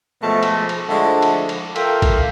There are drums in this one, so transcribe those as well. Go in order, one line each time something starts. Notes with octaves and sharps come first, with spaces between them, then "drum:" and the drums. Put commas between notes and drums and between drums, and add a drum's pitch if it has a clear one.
B2 F3 G#3 A3
drum: cymbal
drum: cymbal
D3 F3 G#3 A3 D4 E4
drum: cymbal
drum: cymbal
F4 A4 A#4 E5 F5 G5, drum: cymbal
drum: kick, cymbal